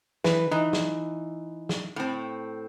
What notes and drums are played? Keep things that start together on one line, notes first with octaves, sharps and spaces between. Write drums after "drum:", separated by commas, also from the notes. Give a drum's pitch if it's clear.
E3 B4, drum: snare
E3 D#4
drum: snare
drum: snare
A2 C4